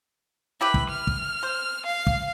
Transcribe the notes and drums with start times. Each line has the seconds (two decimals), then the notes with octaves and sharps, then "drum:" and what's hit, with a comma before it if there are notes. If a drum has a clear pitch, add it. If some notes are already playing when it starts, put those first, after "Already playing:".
0.61 E4 G4 B4 B5
0.74 drum: kick
0.91 F6
1.07 drum: kick
1.43 C5
1.85 F5
2.07 drum: kick